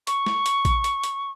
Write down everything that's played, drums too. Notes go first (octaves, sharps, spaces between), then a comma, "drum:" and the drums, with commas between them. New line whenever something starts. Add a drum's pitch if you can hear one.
C#6, drum: hi-hat
drum: snare
drum: hi-hat
drum: kick A#1, hi-hat
drum: hi-hat
drum: hi-hat